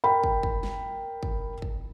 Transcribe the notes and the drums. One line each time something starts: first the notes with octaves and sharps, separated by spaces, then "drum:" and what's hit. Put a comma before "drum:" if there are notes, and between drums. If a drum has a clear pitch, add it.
A#4 G5 B5
drum: kick
drum: kick
drum: snare
drum: kick
drum: kick